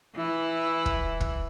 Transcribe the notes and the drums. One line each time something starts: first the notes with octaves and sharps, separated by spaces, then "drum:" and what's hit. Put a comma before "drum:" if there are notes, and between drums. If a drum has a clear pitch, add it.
E3 E4
drum: kick
drum: kick